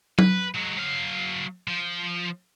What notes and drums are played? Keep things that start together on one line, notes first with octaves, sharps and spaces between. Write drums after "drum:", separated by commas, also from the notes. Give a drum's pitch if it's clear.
B4, drum: tom F#3
F#3 G#3
F#3 F5
F3